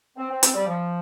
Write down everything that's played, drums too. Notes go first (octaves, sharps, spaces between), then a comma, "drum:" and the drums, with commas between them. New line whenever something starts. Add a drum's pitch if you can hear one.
C4
C4
C4, drum: hi-hat
G3
F3